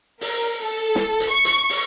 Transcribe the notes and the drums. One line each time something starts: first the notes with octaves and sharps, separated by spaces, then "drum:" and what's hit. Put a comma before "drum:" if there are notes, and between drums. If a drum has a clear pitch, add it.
A#4, drum: open hi-hat
A4
drum: snare
drum: hi-hat
C#6
drum: hi-hat
drum: open hi-hat